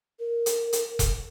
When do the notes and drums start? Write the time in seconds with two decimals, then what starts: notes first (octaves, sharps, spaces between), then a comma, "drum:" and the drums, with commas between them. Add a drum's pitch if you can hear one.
0.19 A#4
0.46 drum: hi-hat
0.73 drum: hi-hat
0.99 drum: kick E1, hi-hat